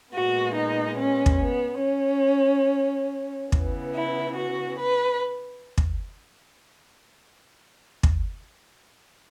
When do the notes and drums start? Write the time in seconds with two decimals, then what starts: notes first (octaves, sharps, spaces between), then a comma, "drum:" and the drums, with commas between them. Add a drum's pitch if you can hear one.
0.13 A#2 G#3 B3 F#4
0.55 D#4
0.97 C#4
1.26 drum: kick
1.40 B3
1.82 C#4
3.52 C#3 E3 B3, drum: kick
3.95 E4
4.36 F#4
4.79 B4
5.78 drum: kick
8.03 drum: kick